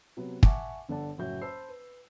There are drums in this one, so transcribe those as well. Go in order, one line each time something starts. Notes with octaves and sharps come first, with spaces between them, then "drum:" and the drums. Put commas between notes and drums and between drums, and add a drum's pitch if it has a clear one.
C3 F#3 B3
E5 F#5 G#5 A5 C#6 D6, drum: kick
G1 D3 A4 D5 F#5 A5
F#1 A2 F#4 E5 G6
C5 A5 B5 E6 C7
B4